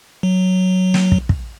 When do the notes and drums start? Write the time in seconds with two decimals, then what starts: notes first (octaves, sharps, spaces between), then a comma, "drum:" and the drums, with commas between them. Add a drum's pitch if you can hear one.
0.23 F#3
0.94 drum: snare
1.12 drum: kick
1.29 drum: kick